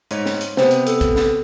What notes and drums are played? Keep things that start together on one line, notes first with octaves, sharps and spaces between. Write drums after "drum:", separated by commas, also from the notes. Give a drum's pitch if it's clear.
G#2 C#5, drum: hi-hat
drum: snare
drum: hi-hat
C3 B3 C5, drum: snare
drum: hi-hat
A4, drum: hi-hat
drum: kick, hi-hat
drum: snare